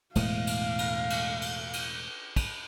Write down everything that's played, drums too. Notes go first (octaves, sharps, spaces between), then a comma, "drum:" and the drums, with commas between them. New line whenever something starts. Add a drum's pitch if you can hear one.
E1 A2 G#3 F5, drum: cymbal
drum: cymbal
drum: cymbal
drum: cymbal
drum: cymbal
drum: cymbal
drum: kick, cymbal